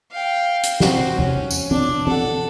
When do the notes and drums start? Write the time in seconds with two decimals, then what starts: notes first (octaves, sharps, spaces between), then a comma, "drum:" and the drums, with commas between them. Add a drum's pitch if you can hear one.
0.11 F5 G5
0.63 drum: hi-hat
0.80 C4 F#4, drum: snare
1.19 C#4, drum: tom
1.51 drum: tambourine
1.71 D4, drum: tom
2.07 A4 F#5, drum: tom